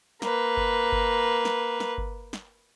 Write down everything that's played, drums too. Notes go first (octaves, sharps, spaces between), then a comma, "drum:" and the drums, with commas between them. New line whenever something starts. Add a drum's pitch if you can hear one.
A#3 B4, drum: snare
drum: kick G1
drum: kick G1
drum: snare
drum: snare
drum: kick G1
drum: snare